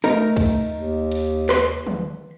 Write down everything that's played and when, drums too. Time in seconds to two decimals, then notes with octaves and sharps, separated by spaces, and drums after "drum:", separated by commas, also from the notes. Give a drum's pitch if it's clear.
0.04 A3 D#4 A#4
0.36 drum: kick C2, cymbal
0.73 D#2
1.12 drum: cymbal
1.49 B4 C6, drum: clap
1.87 drum: tom